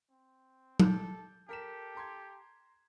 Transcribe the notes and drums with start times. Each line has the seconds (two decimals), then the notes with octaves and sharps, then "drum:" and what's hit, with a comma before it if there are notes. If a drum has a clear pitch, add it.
0.11 C4
0.80 A4 D6 G6, drum: tom
1.49 G4 A4 A#4 B6 E7
1.95 A#5 C6 G#6